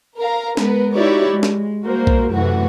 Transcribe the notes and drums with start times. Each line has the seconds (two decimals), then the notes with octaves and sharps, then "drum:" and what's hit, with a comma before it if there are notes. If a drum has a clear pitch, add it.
0.17 A#4 F5 A#5
0.57 G#3 B3 A#4 B4, drum: snare
0.94 D#4 E4 F#4 G4 C#5 D5
1.30 G#3
1.43 drum: snare
1.83 G3 A#3 F#4 A#4 C5
2.07 drum: kick B1
2.31 F#2 A2 C3 E3 A3 F#4